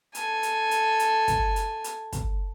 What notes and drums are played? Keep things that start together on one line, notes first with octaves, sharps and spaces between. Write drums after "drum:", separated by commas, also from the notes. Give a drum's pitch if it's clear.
A4 G#5, drum: hi-hat
drum: hi-hat
drum: hi-hat
drum: hi-hat
drum: kick, hi-hat
drum: hi-hat
drum: hi-hat
drum: kick, hi-hat